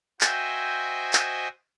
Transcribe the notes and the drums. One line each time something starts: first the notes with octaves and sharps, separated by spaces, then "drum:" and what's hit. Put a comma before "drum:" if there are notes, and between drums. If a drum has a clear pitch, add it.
F#4 C5 D#5 E5 G5 G#5, drum: clap
drum: clap